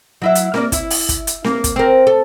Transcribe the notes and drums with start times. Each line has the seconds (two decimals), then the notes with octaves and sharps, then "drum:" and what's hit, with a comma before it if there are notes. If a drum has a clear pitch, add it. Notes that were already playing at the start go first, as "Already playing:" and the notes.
0.22 F#3 E4 E5
0.35 drum: hi-hat
0.54 A#3 D5, drum: snare C4
0.72 E4, drum: kick, hi-hat
0.90 drum: open hi-hat
1.09 drum: kick, hi-hat
1.27 drum: hi-hat
1.44 A#3, drum: snare C4
1.64 drum: kick, hi-hat
1.76 C4 A#4
2.07 A4